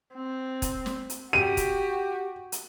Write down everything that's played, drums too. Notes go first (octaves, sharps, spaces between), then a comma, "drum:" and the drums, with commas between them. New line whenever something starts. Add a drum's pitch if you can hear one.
C4
drum: kick E1, hi-hat
drum: snare
drum: hi-hat
F#4 G4 D#7
drum: kick E1, hi-hat
drum: hi-hat